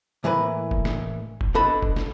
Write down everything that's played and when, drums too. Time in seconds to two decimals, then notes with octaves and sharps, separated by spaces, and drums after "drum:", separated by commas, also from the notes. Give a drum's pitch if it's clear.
0.24 A2 E3 A#3 B4
0.71 drum: kick F1
0.85 drum: snare
1.41 drum: kick F1
1.55 D3 B3 A4 D#5 B5
1.82 drum: kick F1
1.96 drum: snare